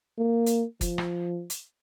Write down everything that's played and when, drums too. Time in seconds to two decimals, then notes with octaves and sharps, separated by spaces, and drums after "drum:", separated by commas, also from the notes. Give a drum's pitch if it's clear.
0.18 A#3
0.46 drum: hi-hat
0.81 F3, drum: kick, hi-hat
0.98 drum: rim click
1.50 drum: hi-hat